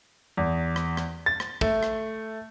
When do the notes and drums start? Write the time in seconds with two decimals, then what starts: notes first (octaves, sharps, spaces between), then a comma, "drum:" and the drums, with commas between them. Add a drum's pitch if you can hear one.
0.37 E2
0.76 drum: rim click
0.97 drum: rim click
1.26 A6
1.40 drum: rim click
1.61 A3, drum: kick
1.83 drum: rim click